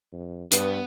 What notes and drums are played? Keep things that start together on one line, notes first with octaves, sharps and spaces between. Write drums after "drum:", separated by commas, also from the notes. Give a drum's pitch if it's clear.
F2
G2 B3 B4, drum: hi-hat